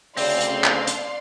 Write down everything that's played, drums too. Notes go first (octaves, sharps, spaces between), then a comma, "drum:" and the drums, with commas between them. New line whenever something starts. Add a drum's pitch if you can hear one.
D2 C#3 C4 D5 F5 C6, drum: open hi-hat
drum: hi-hat
drum: clap
drum: hi-hat